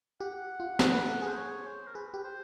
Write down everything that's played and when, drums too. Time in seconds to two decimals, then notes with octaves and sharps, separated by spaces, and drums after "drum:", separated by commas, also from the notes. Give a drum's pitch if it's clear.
0.20 G4 F#5
0.60 F4
0.79 A4, drum: snare
0.94 B4
1.09 A4
1.22 G#4
1.27 C5
1.37 C#5
1.66 C5
1.87 A#4
1.95 G#4 B4
2.14 G4
2.24 C5